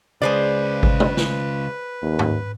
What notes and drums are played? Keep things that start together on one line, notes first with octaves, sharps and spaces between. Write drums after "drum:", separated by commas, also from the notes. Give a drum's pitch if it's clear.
C#3 G#3 G#4 B4 C5 D5
drum: kick G#1
drum: tom
drum: snare
D#2
drum: tom G#2